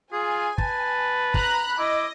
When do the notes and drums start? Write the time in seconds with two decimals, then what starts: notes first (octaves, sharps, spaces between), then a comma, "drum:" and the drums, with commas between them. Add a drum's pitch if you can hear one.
0.12 F4 G#4 G#5
0.58 B4 A5, drum: kick
1.34 A#5 B5 F#6, drum: kick
1.79 E4 D#5 D6